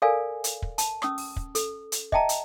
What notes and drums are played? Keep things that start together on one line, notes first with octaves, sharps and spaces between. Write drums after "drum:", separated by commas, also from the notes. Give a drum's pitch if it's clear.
A4 A#4 D5 F5 G#5
drum: hi-hat
drum: kick
A5, drum: hi-hat
C#4 D#6 E6, drum: rim click
drum: open hi-hat
drum: kick
A4, drum: hi-hat
drum: hi-hat
D#5 E5 G5 A5 A#5, drum: kick
drum: hi-hat